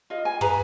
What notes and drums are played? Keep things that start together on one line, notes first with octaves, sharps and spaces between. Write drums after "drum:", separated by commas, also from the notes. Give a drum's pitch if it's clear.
F4 D#5
G#5
G#4 B4 A#5, drum: tom